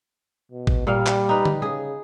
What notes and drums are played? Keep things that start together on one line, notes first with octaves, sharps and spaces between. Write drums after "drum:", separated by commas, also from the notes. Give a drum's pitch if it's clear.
B2
drum: kick G#1
A#2 G3 F5
drum: clap
D#4 B4
drum: tom D3
C#3 G#4